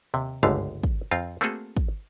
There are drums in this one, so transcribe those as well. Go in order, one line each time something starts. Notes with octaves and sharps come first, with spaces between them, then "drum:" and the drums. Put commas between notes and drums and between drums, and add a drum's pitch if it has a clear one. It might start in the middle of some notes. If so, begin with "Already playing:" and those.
D#2 C3
G1 C#2 G#2 D3 A3 F5
drum: kick
F2 C4 F4 F5
A3 A#3 C4 F#4 G#4 A4
drum: kick